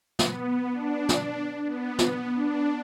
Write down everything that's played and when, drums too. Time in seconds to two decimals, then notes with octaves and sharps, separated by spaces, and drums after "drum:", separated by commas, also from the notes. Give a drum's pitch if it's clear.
0.19 B3, drum: snare
0.71 D4
1.09 drum: snare
1.66 B3
1.99 drum: snare
2.33 D4